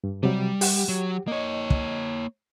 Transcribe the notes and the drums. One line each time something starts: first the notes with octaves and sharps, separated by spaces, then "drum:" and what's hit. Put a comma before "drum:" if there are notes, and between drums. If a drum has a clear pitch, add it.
G2
C3 F#3 G3
G4 F#5, drum: open hi-hat
F#3
A#3 C#5 D#5
drum: kick